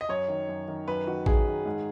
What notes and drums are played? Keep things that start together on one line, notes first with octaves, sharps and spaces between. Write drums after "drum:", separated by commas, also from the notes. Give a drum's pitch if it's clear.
D#5
F#2 C#5
D#3
F#2
D#3
F#2 B4
D#3 F#4
F#2 G#4, drum: kick A1
D#3
G#2